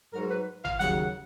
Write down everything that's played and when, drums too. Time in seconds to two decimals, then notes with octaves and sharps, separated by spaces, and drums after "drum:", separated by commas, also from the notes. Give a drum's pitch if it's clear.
0.14 G#2 F#3 A#4
0.30 B4
0.65 F5, drum: tom
0.80 D#2 C#3 F#3 F#5, drum: snare